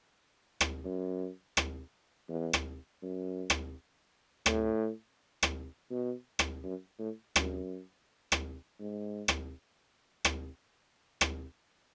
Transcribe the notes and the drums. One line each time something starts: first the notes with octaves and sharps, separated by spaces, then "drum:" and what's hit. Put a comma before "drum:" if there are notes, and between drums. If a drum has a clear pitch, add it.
drum: rim click
F#2
drum: rim click
E2
drum: rim click
F#2
drum: rim click
A2, drum: rim click
drum: rim click
B2
drum: rim click
F#2
A2
F#2, drum: rim click
drum: rim click
G#2
drum: rim click
drum: rim click
drum: rim click